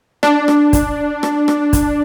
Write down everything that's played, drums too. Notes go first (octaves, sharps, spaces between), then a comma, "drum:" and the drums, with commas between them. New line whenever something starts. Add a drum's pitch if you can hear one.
D4, drum: rim click
drum: rim click
drum: kick, hi-hat
drum: rim click
drum: rim click
drum: kick, hi-hat